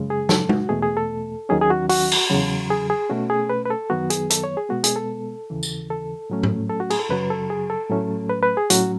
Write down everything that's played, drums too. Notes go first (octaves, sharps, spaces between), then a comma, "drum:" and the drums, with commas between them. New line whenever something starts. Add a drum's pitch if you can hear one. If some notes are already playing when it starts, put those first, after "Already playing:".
Already playing: F#2 C#3 G#3
G#4
A4, drum: snare
F#4, drum: tom G#3
E2 B2 A3 G#4
G#4
A4
D#2 D#3 F#3 C#4 G#4
G#4
F#4
F#4, drum: open hi-hat
drum: cymbal
E2 C#3 F#3
G#4
G#4
B2 A3 C#4 F#4
G#4
B4
B4
A4
F#2 D#3 F#3 B3 F#4
G#4, drum: hi-hat
A4, drum: hi-hat
C#5
G#4
B2 G#3 B3 F#4
G#4, drum: hi-hat
A4
D#2 C#3 E3
drum: tambourine
A4
A2 F#3 A3 C#4
drum: tom G#2
A4
F#4
G#4, drum: cymbal
A4
F#2 C#3 F#3 B4
A4
G#4
A4
A2 F#3 A3 C#4
B4
B4
G#4
A2 F#3 C#4 F#4, drum: hi-hat